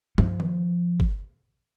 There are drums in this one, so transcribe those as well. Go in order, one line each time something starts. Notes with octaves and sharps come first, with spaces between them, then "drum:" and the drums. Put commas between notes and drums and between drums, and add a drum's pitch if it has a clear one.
F3, drum: tom
drum: tom D#3
drum: kick G1